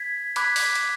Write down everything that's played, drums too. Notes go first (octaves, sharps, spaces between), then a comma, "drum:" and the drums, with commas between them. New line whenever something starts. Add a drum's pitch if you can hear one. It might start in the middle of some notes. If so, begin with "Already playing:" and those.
Already playing: G#6 B6
B5 D6 F#6 G#6 B6, drum: hi-hat
drum: open hi-hat
drum: hi-hat